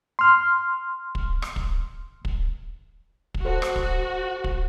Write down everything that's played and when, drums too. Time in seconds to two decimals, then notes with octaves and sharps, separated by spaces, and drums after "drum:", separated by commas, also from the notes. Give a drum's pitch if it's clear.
0.19 C6 F6
1.15 drum: kick
1.42 drum: rim click
1.56 drum: kick
2.25 drum: kick
3.34 drum: kick
3.45 F#4 A4 C5
3.62 drum: rim click
3.76 drum: kick
4.44 drum: kick